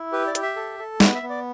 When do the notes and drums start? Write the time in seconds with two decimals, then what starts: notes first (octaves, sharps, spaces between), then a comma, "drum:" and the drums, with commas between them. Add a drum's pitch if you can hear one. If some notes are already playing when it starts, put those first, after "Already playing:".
Already playing: E4
0.12 G4 B4
0.27 D5
0.35 G4, drum: hi-hat
0.43 E5
0.56 A4
0.79 A4
1.00 B3 F#5, drum: snare
1.15 E5
1.23 B3
1.30 D5